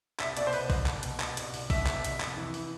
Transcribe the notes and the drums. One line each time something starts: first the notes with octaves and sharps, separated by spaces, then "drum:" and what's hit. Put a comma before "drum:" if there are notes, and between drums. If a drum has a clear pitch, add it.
C2 E5, drum: clap
B2 D5, drum: hi-hat
C5
B2 B4, drum: open hi-hat
C2, drum: kick A1, open hi-hat
C2, drum: clap
B2, drum: hi-hat
B2, drum: clap
C2, drum: hi-hat
C2, drum: open hi-hat
B2 E5, drum: kick A1, open hi-hat
B2, drum: clap
C2, drum: hi-hat
F2, drum: clap
E3
E3, drum: open hi-hat